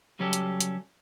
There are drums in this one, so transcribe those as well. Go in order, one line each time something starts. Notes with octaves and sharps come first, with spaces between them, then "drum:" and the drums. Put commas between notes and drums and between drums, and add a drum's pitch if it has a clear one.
C#3 F#3 G3 C#4 G4 A4
drum: hi-hat
drum: hi-hat